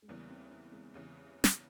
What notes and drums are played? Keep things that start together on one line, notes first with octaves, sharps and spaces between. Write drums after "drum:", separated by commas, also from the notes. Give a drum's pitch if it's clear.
G#3
E2 C#3 E3 G3 A#3
C4 E4
C4 E4
G#3 C4
E2 C#3 E3
drum: snare